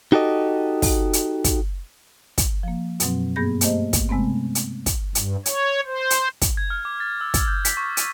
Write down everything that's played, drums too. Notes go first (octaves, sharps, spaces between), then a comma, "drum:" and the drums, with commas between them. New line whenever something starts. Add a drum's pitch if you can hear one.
D#4 F#4 G4 A4 D#5
drum: kick, open hi-hat
drum: hi-hat
drum: kick, hi-hat
drum: kick, hi-hat
F3 A#3
F#2 B2 F#3 C4, drum: hi-hat
G2 A#3 B3 G#4 G6 A#6
A3 A#3 G4 C5 D#5, drum: hi-hat
drum: kick, hi-hat
C3 G#3 A3 B3 C4
drum: hi-hat
drum: kick, hi-hat
G2, drum: hi-hat
C#5, drum: hi-hat
C5
drum: hi-hat
drum: kick, hi-hat
G#6
F6
D6
A6
E6
A6, drum: kick, hi-hat
G6
B6, drum: hi-hat
C#6
D#7, drum: hi-hat